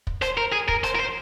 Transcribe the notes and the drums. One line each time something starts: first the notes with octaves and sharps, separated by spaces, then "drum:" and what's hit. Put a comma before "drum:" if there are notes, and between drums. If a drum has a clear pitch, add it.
drum: kick
C5, drum: rim click
A#4
G#4
A#4, drum: kick
C5, drum: rim click
A#4
C5